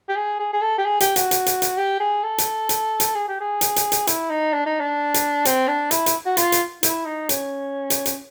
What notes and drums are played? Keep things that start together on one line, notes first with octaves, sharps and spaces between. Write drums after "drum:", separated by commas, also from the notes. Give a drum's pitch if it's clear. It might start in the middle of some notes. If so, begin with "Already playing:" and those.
G4
G#4
G#4
G#4
A4
G4
G#4
G4, drum: hi-hat
F#4, drum: hi-hat
drum: hi-hat
drum: hi-hat
drum: hi-hat
G4
G#4
A4
drum: hi-hat
drum: hi-hat
drum: hi-hat
G#4
G4
G#4
drum: hi-hat
drum: hi-hat
drum: hi-hat
E4, drum: hi-hat
D#4
D4
D#4
D4
drum: hi-hat
C4, drum: hi-hat
D4
E4, drum: hi-hat
drum: hi-hat
F#4
F4, drum: hi-hat
drum: hi-hat
E4, drum: hi-hat
D#4
C#4, drum: hi-hat
drum: hi-hat
drum: hi-hat